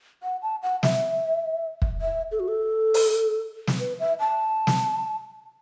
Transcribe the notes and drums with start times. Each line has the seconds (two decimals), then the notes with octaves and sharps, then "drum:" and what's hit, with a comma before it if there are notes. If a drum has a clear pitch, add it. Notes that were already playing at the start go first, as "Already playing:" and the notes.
0.23 F#5
0.42 A5
0.62 F#5
0.83 E5, drum: snare
1.82 drum: kick
2.01 E5
2.31 A4
2.40 F#4
2.49 A4
2.94 drum: open hi-hat
3.67 drum: snare
3.80 B4
3.99 E5
4.20 A5
4.67 drum: snare